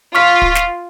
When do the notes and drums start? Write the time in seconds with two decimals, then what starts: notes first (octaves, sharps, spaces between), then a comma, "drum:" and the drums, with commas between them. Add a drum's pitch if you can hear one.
0.15 F4 C#6 F6 B6
0.42 drum: kick
0.55 drum: snare